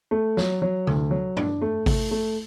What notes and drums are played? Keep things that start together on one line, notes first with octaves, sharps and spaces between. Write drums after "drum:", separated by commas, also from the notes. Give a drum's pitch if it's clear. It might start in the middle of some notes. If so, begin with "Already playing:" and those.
A3
F#3, drum: snare
F#3
D2, drum: tom C3
F#3
D4, drum: tom
A3
A3, drum: kick G#1, open hi-hat
A3